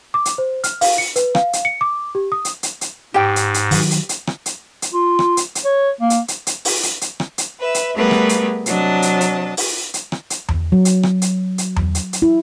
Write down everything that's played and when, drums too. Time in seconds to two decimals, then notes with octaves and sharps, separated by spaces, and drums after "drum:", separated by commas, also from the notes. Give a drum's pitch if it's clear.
0.14 D6
0.25 drum: hi-hat
0.38 C5
0.64 F6, drum: hi-hat
0.81 F5, drum: open hi-hat
0.98 C#7
1.16 B4, drum: hi-hat
1.35 F5, drum: rim click
1.53 drum: hi-hat
1.65 C#7
1.81 D6
2.15 G4
2.32 D#6
2.45 drum: hi-hat
2.63 drum: hi-hat
2.81 drum: hi-hat
3.14 G#2 G4 G5
3.36 drum: hi-hat
3.54 drum: hi-hat
3.71 D#3 F#3, drum: open hi-hat
3.91 drum: hi-hat
4.09 drum: hi-hat
4.27 drum: rim click
4.46 drum: hi-hat
4.82 drum: hi-hat
4.94 F4
5.19 drum: rim click
5.37 drum: hi-hat
5.55 drum: hi-hat
5.65 C#5
6.01 A#3
6.10 drum: hi-hat
6.28 drum: hi-hat
6.47 drum: hi-hat
6.65 drum: open hi-hat
6.83 drum: hi-hat
7.01 drum: hi-hat
7.20 drum: rim click
7.38 drum: hi-hat
7.60 B4 E5
7.74 drum: hi-hat
7.96 G3 A3 B3 G#4 A#4 B4
8.11 drum: rim click
8.29 drum: hi-hat
8.66 C3 F#3 D4 D#5 A5, drum: hi-hat
9.02 drum: hi-hat
9.21 drum: hi-hat
9.57 drum: open hi-hat
9.94 drum: hi-hat
10.12 drum: rim click
10.30 drum: hi-hat
10.49 drum: tom E2
10.72 F#3
10.85 drum: hi-hat
11.03 drum: rim click
11.22 drum: hi-hat
11.58 drum: hi-hat
11.76 drum: tom E2
11.95 drum: hi-hat
12.13 drum: hi-hat
12.22 E4